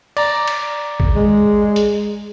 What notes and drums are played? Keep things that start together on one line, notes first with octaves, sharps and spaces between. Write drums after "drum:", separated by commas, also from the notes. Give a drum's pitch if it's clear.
D5 A#5, drum: cymbal
drum: cymbal
drum: kick A1
G#3
drum: hi-hat